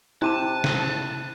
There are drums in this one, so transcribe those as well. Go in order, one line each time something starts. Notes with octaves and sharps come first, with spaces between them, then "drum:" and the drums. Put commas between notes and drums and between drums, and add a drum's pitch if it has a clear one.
C3 C4 E4 A5 F#6 D#7 E7
drum: snare